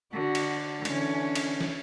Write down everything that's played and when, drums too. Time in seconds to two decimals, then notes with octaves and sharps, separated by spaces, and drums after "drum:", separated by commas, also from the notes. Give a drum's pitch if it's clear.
0.13 D3 F#4
0.35 drum: cymbal
0.85 D3 E3 C#4, drum: cymbal
1.35 drum: cymbal
1.61 drum: snare